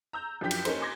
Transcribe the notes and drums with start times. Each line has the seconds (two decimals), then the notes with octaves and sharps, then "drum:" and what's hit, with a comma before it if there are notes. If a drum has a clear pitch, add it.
0.13 A#5 E6 G6
0.41 F#2 F3 D4 G4 G6 B6
0.51 drum: cymbal
0.65 A#3 C#4 D#4 A4 C5, drum: cymbal
0.81 G#5 C6 D6 G#6 A#6